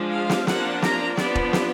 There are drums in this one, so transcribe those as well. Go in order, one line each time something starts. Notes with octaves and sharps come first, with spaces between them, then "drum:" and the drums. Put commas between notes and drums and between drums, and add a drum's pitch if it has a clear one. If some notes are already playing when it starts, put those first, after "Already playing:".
Already playing: F3 G#3 D4
F5
drum: snare
F3 A#3 D4 F#5, drum: snare
A#5, drum: snare
F3 B3 D4 D5, drum: snare
drum: kick E1
drum: snare